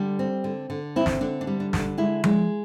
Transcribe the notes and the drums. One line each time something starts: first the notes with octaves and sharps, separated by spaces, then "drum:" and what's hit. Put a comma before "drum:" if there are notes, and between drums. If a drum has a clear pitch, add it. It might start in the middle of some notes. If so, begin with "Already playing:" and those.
Already playing: D3 G3
C4
D3
D3
C4 E4
drum: snare
D3 D4
D4
G3
D4
D3, drum: snare
D4
G#3 E4
G#3, drum: tom F3